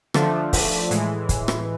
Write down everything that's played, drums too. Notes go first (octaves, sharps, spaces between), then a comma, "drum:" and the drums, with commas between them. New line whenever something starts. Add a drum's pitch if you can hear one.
D3 F3 A3 D4, drum: rim click
drum: kick, open hi-hat
A2 E3 G#3, drum: hi-hat
drum: kick, hi-hat
drum: rim click